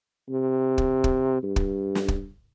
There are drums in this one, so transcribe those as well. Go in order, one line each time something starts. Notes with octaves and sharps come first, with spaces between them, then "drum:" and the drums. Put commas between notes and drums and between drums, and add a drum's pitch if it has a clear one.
C3
drum: kick
drum: kick
G2
drum: kick
drum: snare
drum: kick